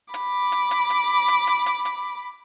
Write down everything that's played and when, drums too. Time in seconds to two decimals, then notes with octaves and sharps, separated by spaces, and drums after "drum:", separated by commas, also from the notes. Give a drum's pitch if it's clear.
0.14 B5 D6, drum: hi-hat
0.52 drum: hi-hat
0.71 drum: hi-hat
0.90 drum: hi-hat
1.28 drum: hi-hat
1.47 drum: hi-hat
1.66 drum: hi-hat
1.85 drum: hi-hat